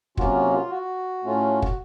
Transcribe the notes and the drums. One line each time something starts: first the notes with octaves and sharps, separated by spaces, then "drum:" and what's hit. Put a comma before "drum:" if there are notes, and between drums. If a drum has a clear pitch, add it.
C3 F#3 A#3 C#4 F4 F#4, drum: kick
F#4
F4
F#4
A2 A3 C#4 F4
drum: kick